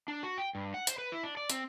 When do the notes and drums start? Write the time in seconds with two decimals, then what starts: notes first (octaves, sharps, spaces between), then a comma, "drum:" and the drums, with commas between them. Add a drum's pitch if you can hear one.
0.08 D4
0.23 F#4
0.38 G5
0.55 G2
0.74 F#5
0.87 C5, drum: hi-hat
0.98 B4
1.12 E4
1.23 D4
1.37 D5
1.50 C4, drum: hi-hat